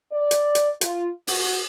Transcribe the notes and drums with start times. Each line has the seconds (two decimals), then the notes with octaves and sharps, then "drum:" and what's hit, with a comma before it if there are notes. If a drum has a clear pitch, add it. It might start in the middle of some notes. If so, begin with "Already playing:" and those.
0.12 D5
0.31 drum: hi-hat
0.55 drum: hi-hat
0.81 F4, drum: hi-hat
1.27 F#4, drum: open hi-hat